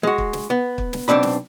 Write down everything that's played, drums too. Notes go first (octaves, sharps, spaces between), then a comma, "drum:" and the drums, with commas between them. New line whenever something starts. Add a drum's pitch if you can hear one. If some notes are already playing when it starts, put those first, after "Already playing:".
G#3 F#4
drum: kick
drum: snare
B3
drum: kick
drum: snare
B1 G#2 C4 D4 B5
drum: snare